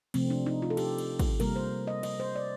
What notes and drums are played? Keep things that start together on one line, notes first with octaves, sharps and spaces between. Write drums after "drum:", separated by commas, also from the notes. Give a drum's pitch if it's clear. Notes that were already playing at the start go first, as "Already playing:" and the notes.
C3 F3 A3 C4, drum: cymbal
D4
D#4
F4
A4
G4, drum: cymbal
drum: cymbal
drum: kick, cymbal
C3 G3 A#3 A#4, drum: cymbal
C5
D#5
D#5, drum: cymbal
C5
D5